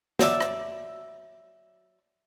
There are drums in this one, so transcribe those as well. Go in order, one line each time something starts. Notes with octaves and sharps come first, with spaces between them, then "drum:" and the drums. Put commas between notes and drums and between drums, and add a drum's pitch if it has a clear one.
F#3 D5 E5, drum: snare
drum: rim click